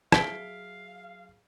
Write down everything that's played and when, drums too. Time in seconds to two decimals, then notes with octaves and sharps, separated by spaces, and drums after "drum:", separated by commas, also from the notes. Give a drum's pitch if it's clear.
0.12 F#3 G#4 E5 F5 B6 D7 G7, drum: rim click